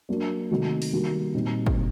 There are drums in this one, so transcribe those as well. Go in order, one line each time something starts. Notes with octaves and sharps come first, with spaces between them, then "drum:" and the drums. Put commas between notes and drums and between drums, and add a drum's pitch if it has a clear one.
F#3 A#3 D4
C3 D#3 A3 D#4 F#4
drum: open hi-hat
D#3 G3 A#3 F#4
A#2 G3 C4 D#4
drum: kick